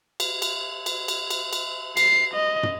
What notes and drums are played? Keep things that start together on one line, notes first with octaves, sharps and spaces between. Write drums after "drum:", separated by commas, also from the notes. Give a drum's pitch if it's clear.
drum: cymbal
drum: cymbal
drum: cymbal
drum: cymbal
drum: cymbal
drum: cymbal
C7, drum: cymbal
D#5
drum: tom